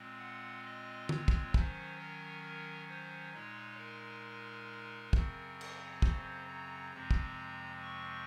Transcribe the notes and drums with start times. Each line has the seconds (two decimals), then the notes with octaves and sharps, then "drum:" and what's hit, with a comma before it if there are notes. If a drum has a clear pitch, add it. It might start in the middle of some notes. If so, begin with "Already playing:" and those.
Already playing: A#2 G#3 C4 F4
0.19 F#5
0.65 D#5
1.09 C#5, drum: tom D3
1.28 drum: kick
1.54 D#3 F#3 C#4 C5, drum: kick
1.99 A#4
2.43 A#4
2.89 C5
3.33 A#2 G#3 D#4 C#5
3.78 A#4
5.13 F#2 C#3 F#3 C4, drum: kick
5.61 drum: cymbal
6.02 C5, drum: kick
6.47 A#5
6.93 F2 C3 F3 G#3 C4 A#5
7.11 drum: kick
7.82 C#6